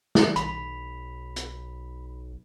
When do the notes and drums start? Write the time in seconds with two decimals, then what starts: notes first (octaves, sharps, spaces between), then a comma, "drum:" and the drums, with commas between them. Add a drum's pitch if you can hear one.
0.15 drum: snare
0.36 B1 B5, drum: hi-hat
1.36 drum: hi-hat